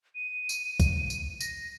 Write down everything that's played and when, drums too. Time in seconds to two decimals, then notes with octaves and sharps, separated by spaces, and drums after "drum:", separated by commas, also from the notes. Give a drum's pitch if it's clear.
0.15 D#7
0.49 drum: tambourine
0.80 drum: kick, tambourine
1.10 drum: tambourine
1.41 A#6, drum: tambourine